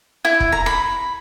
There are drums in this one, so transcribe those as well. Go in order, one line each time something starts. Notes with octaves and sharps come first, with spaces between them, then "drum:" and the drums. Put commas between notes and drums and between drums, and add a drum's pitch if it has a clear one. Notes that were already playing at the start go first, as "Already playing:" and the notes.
E4
drum: kick
A#5
B5